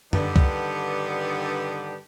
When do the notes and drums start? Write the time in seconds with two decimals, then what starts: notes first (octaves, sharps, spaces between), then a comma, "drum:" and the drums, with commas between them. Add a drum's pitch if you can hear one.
0.13 G2 D3 D#3 B3 D4 G4, drum: tom F#2
0.36 drum: kick